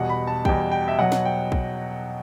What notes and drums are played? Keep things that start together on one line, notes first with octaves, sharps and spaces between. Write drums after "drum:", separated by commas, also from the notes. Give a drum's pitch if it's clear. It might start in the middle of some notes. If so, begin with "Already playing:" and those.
Already playing: E2 B2 G3 F#5
B5
A5
E2 B2 G3 G5, drum: kick
G5
E5
B2 F#3 F#5
drum: snare
G5
drum: kick